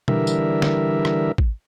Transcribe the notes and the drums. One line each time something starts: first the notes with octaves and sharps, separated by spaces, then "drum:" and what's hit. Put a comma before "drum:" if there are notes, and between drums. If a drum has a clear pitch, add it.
D3 E3 G3 A#4 E5, drum: tom B2
drum: tambourine
drum: snare
drum: rim click
drum: kick